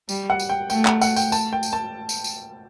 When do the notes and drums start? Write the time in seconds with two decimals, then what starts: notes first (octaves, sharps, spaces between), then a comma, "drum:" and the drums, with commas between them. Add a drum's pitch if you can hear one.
0.09 G3, drum: tambourine
0.30 F#5
0.40 drum: tambourine
0.49 G5
0.70 A3 G5, drum: tambourine
0.85 F#5, drum: clap
1.01 F#5, drum: tambourine
1.16 G5, drum: tambourine
1.32 A5, drum: tambourine
1.53 G5
1.63 drum: tambourine
1.73 A5
2.09 drum: tambourine
2.24 drum: tambourine